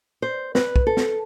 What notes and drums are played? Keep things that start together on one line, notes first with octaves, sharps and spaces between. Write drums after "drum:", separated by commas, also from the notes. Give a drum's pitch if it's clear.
C5
B4, drum: snare
drum: kick
A4
drum: snare